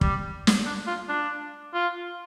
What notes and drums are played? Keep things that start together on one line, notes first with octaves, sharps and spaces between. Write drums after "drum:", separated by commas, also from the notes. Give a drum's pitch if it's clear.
G3, drum: kick
drum: snare
D4
F4
D4
F4